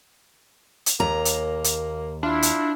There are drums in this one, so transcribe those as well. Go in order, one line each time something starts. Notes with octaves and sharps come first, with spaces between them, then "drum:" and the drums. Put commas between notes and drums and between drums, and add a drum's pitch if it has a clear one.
drum: hi-hat
D#2 A#3 A#5
drum: hi-hat
drum: hi-hat
D4 E4 F4
drum: hi-hat